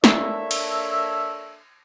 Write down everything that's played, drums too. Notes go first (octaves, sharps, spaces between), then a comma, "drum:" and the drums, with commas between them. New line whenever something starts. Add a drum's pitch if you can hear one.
A#3 D4 A4 C#5 E5, drum: snare
drum: cymbal